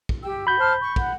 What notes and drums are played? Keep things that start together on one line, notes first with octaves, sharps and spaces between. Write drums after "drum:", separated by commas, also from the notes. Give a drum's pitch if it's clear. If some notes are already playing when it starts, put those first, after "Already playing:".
drum: kick
G4 G5 E6
F#4 B5 G6
C5 A5 F6
C#6
F#5, drum: kick